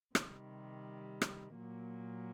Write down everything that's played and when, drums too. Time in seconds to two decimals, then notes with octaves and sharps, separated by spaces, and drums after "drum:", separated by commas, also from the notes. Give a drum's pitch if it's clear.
0.15 C3 D#3 G3, drum: rim click
1.22 drum: rim click
1.56 A#2 F#3 A#3